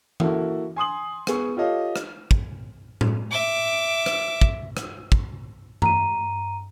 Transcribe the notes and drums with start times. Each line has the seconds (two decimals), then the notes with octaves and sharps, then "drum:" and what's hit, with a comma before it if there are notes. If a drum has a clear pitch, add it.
0.20 A#3 E4 F#4 A4, drum: tom E3
0.76 G#5 C6 D#6 F#7
1.27 B3 G#4 C#6, drum: rim click
1.57 F4 G4 A4 C#5 D#5 F5
1.96 drum: rim click
2.31 drum: kick
3.01 drum: tom A2
3.31 E5 D6
4.06 drum: rim click
4.41 drum: kick
4.77 drum: rim click
5.12 drum: kick
5.82 A#5 D#7, drum: tom G2